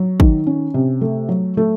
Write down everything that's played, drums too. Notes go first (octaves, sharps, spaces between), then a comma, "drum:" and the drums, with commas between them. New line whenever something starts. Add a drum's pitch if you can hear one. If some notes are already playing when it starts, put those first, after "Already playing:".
Already playing: F#3
D#3, drum: kick
C#4
C3
A3
F#3
A3